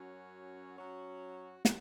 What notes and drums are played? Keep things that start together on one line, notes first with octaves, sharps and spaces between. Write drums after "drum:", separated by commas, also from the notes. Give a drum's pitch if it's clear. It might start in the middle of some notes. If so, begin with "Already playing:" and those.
Already playing: F#2 F#3 C#4 F#4
F#2 F#3 C#4 F#4
F#3, drum: snare